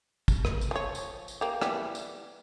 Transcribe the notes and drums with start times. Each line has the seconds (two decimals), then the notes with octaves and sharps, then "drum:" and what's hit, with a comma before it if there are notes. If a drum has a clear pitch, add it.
0.28 drum: kick, tambourine
0.45 drum: rim click
0.61 drum: tambourine
0.71 F3 C#5
0.95 drum: tambourine
1.28 drum: tambourine
1.41 A#3 G4
1.61 E3 G3 B3, drum: rim click
1.95 drum: tambourine